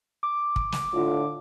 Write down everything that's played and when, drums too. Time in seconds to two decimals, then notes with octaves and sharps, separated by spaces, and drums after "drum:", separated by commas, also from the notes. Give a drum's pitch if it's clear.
0.23 D6
0.56 drum: kick
0.72 drum: snare
0.93 A2 D3 F4